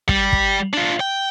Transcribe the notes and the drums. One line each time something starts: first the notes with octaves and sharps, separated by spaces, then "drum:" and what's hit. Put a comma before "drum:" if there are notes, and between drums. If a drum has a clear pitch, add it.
G3, drum: kick
drum: kick
D4 F4
G5